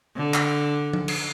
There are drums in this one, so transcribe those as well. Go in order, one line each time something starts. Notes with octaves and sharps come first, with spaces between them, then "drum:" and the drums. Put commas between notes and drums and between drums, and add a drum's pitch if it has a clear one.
D3
drum: clap
drum: tom F3
drum: cymbal